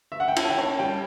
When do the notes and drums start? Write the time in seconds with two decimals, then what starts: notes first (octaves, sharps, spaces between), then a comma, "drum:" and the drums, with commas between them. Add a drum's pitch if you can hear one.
0.12 E5
0.20 F#5
0.28 G5
0.36 E4 A5, drum: cymbal
0.50 G5
0.57 C#4 A5
0.79 G3 G5